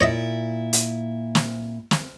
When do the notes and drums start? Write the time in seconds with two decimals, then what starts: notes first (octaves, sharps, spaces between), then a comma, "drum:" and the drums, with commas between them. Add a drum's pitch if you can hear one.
0.01 A#2 E4 C#5 D#5 E5
0.73 drum: hi-hat
1.35 drum: snare
1.91 drum: snare